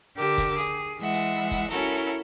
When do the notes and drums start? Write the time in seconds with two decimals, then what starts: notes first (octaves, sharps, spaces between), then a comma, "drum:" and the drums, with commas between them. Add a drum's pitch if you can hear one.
0.16 D3 G4 A#4 D6 E6
0.38 drum: kick, hi-hat
0.58 G#4, drum: hi-hat
0.99 E3 G#3 E5 F#5
1.13 drum: hi-hat
1.51 drum: kick, hi-hat
1.70 C#4 E4 F#4 A4 A#4, drum: hi-hat